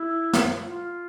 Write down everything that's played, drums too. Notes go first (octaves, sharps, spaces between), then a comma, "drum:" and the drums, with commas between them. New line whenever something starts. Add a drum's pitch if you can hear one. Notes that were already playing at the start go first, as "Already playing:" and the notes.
Already playing: E4
drum: snare
F4